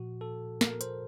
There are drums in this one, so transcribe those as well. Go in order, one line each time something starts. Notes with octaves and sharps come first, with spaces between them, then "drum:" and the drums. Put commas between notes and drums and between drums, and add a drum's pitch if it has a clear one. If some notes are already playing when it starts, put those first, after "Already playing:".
Already playing: A#2 F3 F#4
A4
A#4, drum: snare
C5, drum: hi-hat